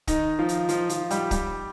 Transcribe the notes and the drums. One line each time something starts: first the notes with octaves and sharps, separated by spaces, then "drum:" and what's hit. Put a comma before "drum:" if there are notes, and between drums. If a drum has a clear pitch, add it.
D#3 D#4, drum: kick, hi-hat
F3 F4
drum: hi-hat
F3 F4, drum: hi-hat
F3 F4, drum: hi-hat
G3 G4, drum: hi-hat
G3 G4, drum: kick, hi-hat